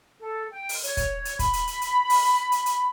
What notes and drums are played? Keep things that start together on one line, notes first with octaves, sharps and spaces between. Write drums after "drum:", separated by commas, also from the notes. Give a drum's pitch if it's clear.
A4
G5
drum: open hi-hat
C#5, drum: hi-hat
drum: kick, hi-hat
drum: hi-hat
B5, drum: kick, hi-hat
drum: hi-hat
drum: hi-hat
drum: hi-hat
drum: open hi-hat
drum: hi-hat
drum: hi-hat